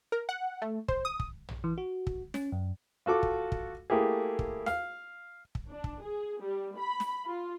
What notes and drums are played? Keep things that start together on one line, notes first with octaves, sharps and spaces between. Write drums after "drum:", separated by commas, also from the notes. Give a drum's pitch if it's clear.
A#4
F#5
A3
C5, drum: kick
D#6
drum: kick
drum: tom
E3
F#4
drum: kick
C#4, drum: snare
F#2
F4 F#4 A4 D6
drum: kick
drum: kick
A3 A#3 E4 G4 G#4
drum: kick
F5, drum: snare
drum: kick
D4
drum: kick
G#4
G3
B5
drum: snare
F4